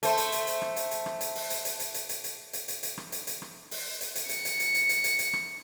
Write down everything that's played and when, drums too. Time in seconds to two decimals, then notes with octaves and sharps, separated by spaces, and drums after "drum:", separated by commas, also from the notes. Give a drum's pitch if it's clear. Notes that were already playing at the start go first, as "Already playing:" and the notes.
0.03 A3 C5, drum: hi-hat
0.17 drum: hi-hat
0.32 drum: hi-hat
0.47 drum: hi-hat
0.62 drum: rim click
0.76 drum: hi-hat
0.91 drum: hi-hat
1.06 drum: rim click
1.21 drum: hi-hat
1.35 drum: open hi-hat
1.50 drum: hi-hat
1.65 drum: hi-hat
1.80 drum: hi-hat
1.94 drum: hi-hat
2.09 drum: hi-hat
2.24 drum: hi-hat
2.53 drum: hi-hat
2.68 drum: hi-hat
2.83 drum: hi-hat
2.98 drum: rim click
3.12 drum: hi-hat
3.27 drum: hi-hat
3.42 drum: rim click
3.71 drum: open hi-hat
4.01 drum: hi-hat
4.15 drum: hi-hat
4.29 C#7, drum: hi-hat
4.45 drum: hi-hat
4.60 drum: hi-hat
4.74 drum: hi-hat
4.89 drum: hi-hat
5.04 drum: hi-hat
5.19 drum: hi-hat
5.33 drum: rim click